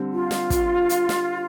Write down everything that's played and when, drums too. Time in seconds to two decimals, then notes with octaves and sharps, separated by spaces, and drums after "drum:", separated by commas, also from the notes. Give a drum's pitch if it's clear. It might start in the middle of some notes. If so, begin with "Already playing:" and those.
Already playing: D3 G3 C4
0.12 F4
0.31 drum: snare
0.50 drum: kick, hi-hat
0.89 drum: hi-hat
1.09 drum: snare